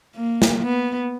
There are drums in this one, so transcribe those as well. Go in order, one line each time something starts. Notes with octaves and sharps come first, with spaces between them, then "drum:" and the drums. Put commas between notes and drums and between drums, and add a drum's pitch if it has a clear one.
A#3
drum: snare
B3